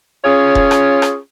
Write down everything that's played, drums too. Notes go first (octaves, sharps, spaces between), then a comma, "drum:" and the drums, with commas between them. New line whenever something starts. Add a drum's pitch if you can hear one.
C#4 F4 G#4 C#5
drum: kick F1
drum: rim click
drum: rim click